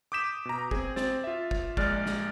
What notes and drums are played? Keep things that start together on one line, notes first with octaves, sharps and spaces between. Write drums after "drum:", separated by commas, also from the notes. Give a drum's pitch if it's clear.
D6 D#6 G6 B6 E7
B2 A#5
C4 G#4, drum: kick
C4 A6, drum: snare
F4 E5
drum: kick
A#1 G#3 D5 F6 F#6 A6, drum: kick
drum: snare